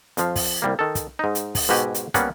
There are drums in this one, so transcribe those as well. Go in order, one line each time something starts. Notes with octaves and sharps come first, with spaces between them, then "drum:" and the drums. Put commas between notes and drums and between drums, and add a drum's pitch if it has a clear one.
F2 F3 F5, drum: hi-hat
drum: kick, open hi-hat
C2 G3 A#3
D#3 A4
drum: kick, hi-hat
G#2 D#4
drum: hi-hat
drum: kick, open hi-hat
G#2 B2 F#4 G4 G#5
drum: hi-hat
G3 A#3 B3 C#4 F#5, drum: kick, hi-hat